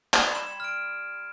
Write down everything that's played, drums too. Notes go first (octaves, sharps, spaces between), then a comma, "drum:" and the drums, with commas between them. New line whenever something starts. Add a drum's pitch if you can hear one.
G3 G#6, drum: clap
C6 E7
F6 D7